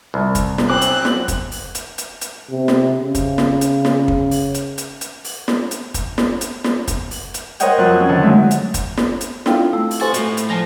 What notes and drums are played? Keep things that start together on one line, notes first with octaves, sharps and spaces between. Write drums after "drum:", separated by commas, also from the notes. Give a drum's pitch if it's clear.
C2
drum: kick, hi-hat
drum: snare
F#3 C4 G#5 D6 F#6
drum: hi-hat
drum: snare
drum: kick, hi-hat
drum: open hi-hat
drum: hi-hat
drum: hi-hat
drum: hi-hat
C3
drum: snare
C#3
drum: kick, hi-hat
drum: snare
drum: hi-hat
drum: snare
drum: kick
drum: open hi-hat
drum: hi-hat
drum: hi-hat
drum: hi-hat
drum: open hi-hat
drum: snare
drum: hi-hat
drum: kick, hi-hat
drum: snare
drum: hi-hat
drum: snare
drum: kick, hi-hat
drum: open hi-hat
drum: hi-hat
A#4 C5 C#5 D#5 F#5 G5, drum: hi-hat
F2 F#3 A5 F#6
C4 C#4
D3 D#3 F#5 A5
F#2 F#3 G#3 A3
drum: hi-hat
drum: kick, hi-hat
drum: snare
drum: hi-hat
C4 D4 E4 F4 A4 D#5 F5 G5, drum: snare
A3 E6
drum: open hi-hat
F#4 G4 A4 C5 G#5 C6 A6
A2 D5, drum: hi-hat
drum: hi-hat
F3 C5 D5 G#5 A5 A#6